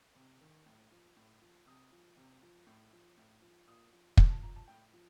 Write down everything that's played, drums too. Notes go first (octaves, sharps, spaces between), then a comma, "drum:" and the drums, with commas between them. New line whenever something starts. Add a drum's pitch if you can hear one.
C3
D#3
A2
F3
A2
F3
C3 D#6
F3
C3
F3
A2
F3
A2
F3
A#2 D#6
F3
A#2 D6, drum: kick
A5
F3 A#5
A5
A2 G5
F3